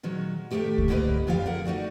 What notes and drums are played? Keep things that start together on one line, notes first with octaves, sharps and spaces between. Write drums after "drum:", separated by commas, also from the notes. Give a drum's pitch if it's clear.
A#2 D#3 F#3 G#3
A2 D#3 E3 A3 G4 E5
drum: kick C#2
G#2 D3 A#3 F#4 B4 D#5
F#2 C#3 F3 G3 G4 F5
G#4 A#4 F#5
A3 D#4 F#4 D5